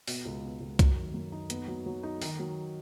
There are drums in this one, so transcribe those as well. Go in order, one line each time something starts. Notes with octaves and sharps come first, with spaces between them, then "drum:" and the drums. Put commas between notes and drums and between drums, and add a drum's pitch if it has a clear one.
B2, drum: open hi-hat
C#2
B2
C#2
F#2, drum: kick C2, hi-hat
D#3
F#2
D#4
B3, drum: hi-hat
F#3
F#3
D#4
D#3, drum: open hi-hat
F#3